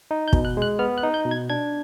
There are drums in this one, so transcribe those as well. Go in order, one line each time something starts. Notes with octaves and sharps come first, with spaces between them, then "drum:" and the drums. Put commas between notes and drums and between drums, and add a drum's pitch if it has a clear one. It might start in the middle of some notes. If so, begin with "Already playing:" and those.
D#4
G6
B2, drum: kick
F#6
G#3 F#6
B3 F6
F#6
D#4
G6
B2
G#6
D4 G#6